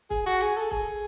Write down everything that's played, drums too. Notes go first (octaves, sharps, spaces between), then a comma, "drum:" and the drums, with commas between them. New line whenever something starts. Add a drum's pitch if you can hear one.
G#4, drum: kick
F#4
G#4
A4
G#4, drum: kick